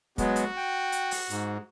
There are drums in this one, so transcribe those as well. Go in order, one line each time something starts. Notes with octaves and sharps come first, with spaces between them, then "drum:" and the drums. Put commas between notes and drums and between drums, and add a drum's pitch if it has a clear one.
F#3 G#3 B3 F#4, drum: kick, hi-hat
drum: hi-hat
G5
drum: hi-hat
drum: open hi-hat
G#2, drum: hi-hat